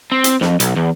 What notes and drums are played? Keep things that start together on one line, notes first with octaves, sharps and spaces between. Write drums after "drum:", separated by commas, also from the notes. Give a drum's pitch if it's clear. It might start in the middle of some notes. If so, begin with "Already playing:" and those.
C4
drum: hi-hat
F2, drum: snare
B1, drum: hi-hat
E2